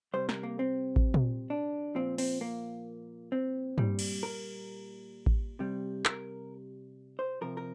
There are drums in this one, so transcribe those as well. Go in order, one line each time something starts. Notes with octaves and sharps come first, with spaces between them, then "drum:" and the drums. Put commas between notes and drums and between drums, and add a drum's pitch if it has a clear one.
C3 G3 C5
A#4, drum: snare
A#3
C4
drum: kick A1
drum: tom A#2
D4
A#2 F3 C4
C4, drum: open hi-hat
A#3
C4
A#2 G3, drum: tom G2
drum: cymbal
A#4
drum: kick A1
C3 G3
A#4, drum: clap
C5
C3 F3 A#4
A#4